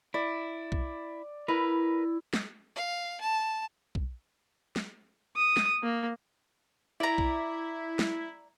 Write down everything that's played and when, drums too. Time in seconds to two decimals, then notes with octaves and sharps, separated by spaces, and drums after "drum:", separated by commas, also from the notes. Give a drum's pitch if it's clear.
0.14 E4 D5
0.72 drum: kick B1
1.48 E4 A#4 B4
2.33 drum: snare
2.76 F5
3.20 A5
3.95 drum: kick B1
4.76 drum: snare
5.36 D#6
5.57 drum: snare
5.83 A#3
7.00 E4 D5 A#5
7.18 drum: kick B1
7.99 drum: snare